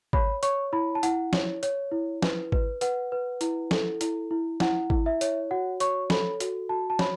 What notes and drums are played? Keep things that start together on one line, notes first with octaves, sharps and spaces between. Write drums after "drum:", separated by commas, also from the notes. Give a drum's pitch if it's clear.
C#5 B5, drum: kick G#1
C#5 C#6, drum: hi-hat
E4 B5
A5
E4 F#5, drum: hi-hat
C#5, drum: snare
C#5, drum: hi-hat
E4
B4, drum: snare
B4, drum: kick G#1
B4 F#5, drum: hi-hat
B4
E4, drum: hi-hat
A4, drum: snare
E4, drum: hi-hat
E4
E4 F#5, drum: snare
E4, drum: kick G#1
E5
C#5, drum: hi-hat
F#4 F#5
C#5 C#6, drum: hi-hat
A4 B5, drum: snare
F#4, drum: hi-hat
F#4 A5
A5
C#5 B5, drum: snare